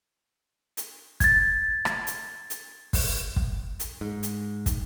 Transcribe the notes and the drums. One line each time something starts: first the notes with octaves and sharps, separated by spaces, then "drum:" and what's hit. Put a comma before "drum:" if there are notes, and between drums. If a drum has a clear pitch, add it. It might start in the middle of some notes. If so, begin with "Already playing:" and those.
drum: hi-hat
G#6 A6, drum: kick, hi-hat
drum: rim click
drum: hi-hat
drum: hi-hat
drum: kick, open hi-hat
drum: kick
drum: hi-hat
G#2
drum: hi-hat
drum: kick, hi-hat